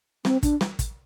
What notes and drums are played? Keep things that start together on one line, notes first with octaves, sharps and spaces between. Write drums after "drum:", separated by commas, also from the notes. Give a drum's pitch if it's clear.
C4, drum: snare
D4, drum: kick, hi-hat
drum: snare
drum: kick, hi-hat